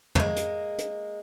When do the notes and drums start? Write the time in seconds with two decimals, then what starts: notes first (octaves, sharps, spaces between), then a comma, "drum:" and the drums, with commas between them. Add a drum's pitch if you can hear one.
0.15 G#3 A#3, drum: tom
0.36 drum: hi-hat
0.78 drum: hi-hat